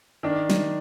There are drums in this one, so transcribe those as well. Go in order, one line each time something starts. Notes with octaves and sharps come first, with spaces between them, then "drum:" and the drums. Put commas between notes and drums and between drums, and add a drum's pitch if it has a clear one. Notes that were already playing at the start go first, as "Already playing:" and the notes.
D#3 D4
drum: snare